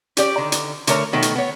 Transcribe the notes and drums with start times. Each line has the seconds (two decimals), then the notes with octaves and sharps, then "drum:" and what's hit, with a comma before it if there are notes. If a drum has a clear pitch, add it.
0.17 C#4 G4 D5, drum: hi-hat
0.38 D3 D#3
0.52 drum: hi-hat
0.87 D3 A3 A#4 C#5 A#5, drum: hi-hat
1.13 B2 D#3 A3 B3
1.22 drum: hi-hat
1.36 B3 C#5